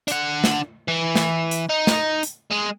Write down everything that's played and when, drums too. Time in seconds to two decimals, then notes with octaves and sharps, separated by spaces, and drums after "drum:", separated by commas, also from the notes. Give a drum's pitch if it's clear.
0.08 D4 F#5, drum: hi-hat
0.44 drum: snare
0.88 E3
1.15 drum: snare
1.51 drum: hi-hat
1.69 D#4
1.87 drum: snare
2.23 drum: hi-hat
2.51 G#3